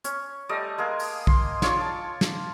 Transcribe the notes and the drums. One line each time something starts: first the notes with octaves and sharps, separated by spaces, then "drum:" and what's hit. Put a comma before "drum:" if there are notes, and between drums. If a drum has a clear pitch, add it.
C#4, drum: hi-hat
G3 A3 D5 D#5
G#3 A#3 G#4
drum: open hi-hat
C6, drum: kick B1
F4 G#4 C#5 D5, drum: snare
A5
drum: snare